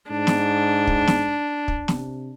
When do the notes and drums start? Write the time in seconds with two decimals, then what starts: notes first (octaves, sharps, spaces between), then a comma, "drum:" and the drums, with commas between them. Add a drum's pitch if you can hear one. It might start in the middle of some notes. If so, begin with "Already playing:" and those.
0.10 G#2 D4
0.27 drum: snare
0.87 drum: kick
1.07 drum: snare
1.68 drum: kick
1.88 C3, drum: snare